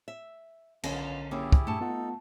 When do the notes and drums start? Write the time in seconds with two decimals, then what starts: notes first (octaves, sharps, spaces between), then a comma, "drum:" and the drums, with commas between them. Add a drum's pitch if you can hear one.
0.08 E5
0.83 B1 D3 B3 C#4 F4 A#4 A#6, drum: cymbal
1.31 F#2 A#3 C#4 E4 G4 G#4
1.52 drum: kick
1.67 G2 A#2 A3 A5
1.81 B3 D#4 F4 A4 F#5